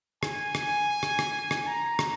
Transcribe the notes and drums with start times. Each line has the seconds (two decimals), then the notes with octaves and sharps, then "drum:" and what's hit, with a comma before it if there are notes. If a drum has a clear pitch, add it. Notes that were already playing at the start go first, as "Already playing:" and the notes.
0.23 G#5, drum: rim click
0.55 drum: rim click
1.03 drum: rim click
1.19 drum: rim click
1.51 drum: rim click
1.67 A#5
1.99 drum: rim click